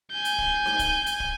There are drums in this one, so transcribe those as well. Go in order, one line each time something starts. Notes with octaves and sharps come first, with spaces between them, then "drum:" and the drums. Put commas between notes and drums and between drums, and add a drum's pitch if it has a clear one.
G#5 G6
drum: hi-hat
drum: kick
drum: snare D#4
drum: kick, hi-hat
drum: hi-hat
drum: kick